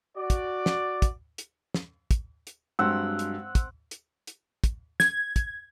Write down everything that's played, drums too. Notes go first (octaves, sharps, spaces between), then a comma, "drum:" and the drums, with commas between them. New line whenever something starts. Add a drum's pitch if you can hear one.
F#4 D5
drum: kick, hi-hat
drum: snare
drum: kick, hi-hat
drum: hi-hat
drum: snare
drum: kick, hi-hat
drum: hi-hat
G2 F#3 G#3 C4 F#5 E6
drum: hi-hat
drum: kick, hi-hat
drum: hi-hat
drum: hi-hat
drum: kick, hi-hat
G#6, drum: snare
drum: kick, hi-hat